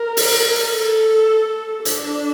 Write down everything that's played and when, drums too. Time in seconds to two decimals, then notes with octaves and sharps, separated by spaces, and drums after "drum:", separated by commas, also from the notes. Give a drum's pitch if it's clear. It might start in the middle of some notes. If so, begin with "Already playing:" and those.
Already playing: A#4
0.17 drum: open hi-hat
0.68 A4
1.85 D4, drum: hi-hat